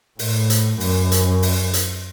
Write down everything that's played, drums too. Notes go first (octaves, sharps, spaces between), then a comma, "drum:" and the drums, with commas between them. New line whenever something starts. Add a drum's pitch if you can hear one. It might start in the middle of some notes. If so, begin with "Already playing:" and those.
A2, drum: open hi-hat
drum: hi-hat
F#2, drum: open hi-hat
drum: hi-hat
drum: open hi-hat
drum: hi-hat